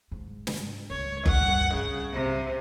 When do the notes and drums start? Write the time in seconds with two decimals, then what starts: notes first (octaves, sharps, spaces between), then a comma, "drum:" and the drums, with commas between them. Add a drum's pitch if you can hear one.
0.12 G#2
0.47 drum: snare
0.90 C#2 G#3 C#5
1.26 D2 G2 F#5, drum: kick F#1
1.75 C2 C#3
2.13 C3